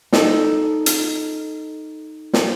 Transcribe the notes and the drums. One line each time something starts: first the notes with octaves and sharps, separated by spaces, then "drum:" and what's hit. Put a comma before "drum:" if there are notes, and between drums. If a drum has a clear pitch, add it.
D#4 A4, drum: snare
drum: hi-hat
drum: snare